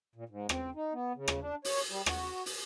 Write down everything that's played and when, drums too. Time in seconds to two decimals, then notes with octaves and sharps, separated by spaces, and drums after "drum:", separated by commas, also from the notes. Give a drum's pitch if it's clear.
0.15 A#2
0.29 G#2
0.49 C4, drum: rim click
0.75 D#4
0.93 B3
1.15 C#3
1.28 drum: rim click
1.41 D4
1.65 C#5, drum: open hi-hat
1.90 G3
2.06 F#4, drum: rim click
2.46 drum: open hi-hat